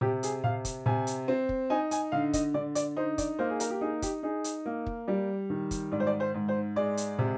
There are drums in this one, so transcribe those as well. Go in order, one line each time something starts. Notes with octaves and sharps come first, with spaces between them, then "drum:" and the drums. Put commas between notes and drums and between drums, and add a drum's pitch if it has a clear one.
C3 G4
G#4, drum: hi-hat
C3 F5
drum: kick, hi-hat
C3 G#5
drum: hi-hat
C4
drum: kick
D#4 G#5
G#5, drum: hi-hat
D3 F5
D#5, drum: kick, hi-hat
D3 D5
D5, drum: hi-hat
D#4 C5
D5, drum: kick, hi-hat
A#3 C5
G#4
A#4, drum: hi-hat
G4
D#4 G#4
G4, drum: kick, hi-hat
D#4 G#4
drum: hi-hat
A#3
drum: kick
G3 D5
D#3
drum: kick, hi-hat
G#2 D5
C5
D5
C5
G#2
C5
G#3 D5
drum: hi-hat
C3